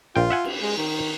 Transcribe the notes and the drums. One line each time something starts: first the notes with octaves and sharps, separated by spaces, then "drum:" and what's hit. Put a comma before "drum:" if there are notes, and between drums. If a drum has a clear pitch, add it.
A#1 F4 G5
E5 F#5 G#5
drum: cymbal
G#3
D#3